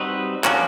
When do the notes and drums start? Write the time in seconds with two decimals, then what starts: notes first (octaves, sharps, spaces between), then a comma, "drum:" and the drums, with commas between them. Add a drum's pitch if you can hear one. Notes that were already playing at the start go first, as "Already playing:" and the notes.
Already playing: G3 C4 D#4 F#4 B4
0.44 F3 A#3 C#4 F#4, drum: clap